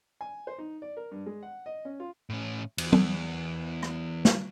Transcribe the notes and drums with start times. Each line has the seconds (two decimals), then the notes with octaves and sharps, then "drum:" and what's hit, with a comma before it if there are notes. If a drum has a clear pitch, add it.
0.21 G#5
0.47 C5
0.58 D#4
0.82 D5
0.97 A#4
1.11 G2
1.26 G#3
1.43 F#5
1.66 D#5
1.85 C#4
2.00 F4
2.30 A2 C#4
2.78 E2, drum: cymbal
2.93 drum: tom
3.83 drum: rim click
4.25 drum: snare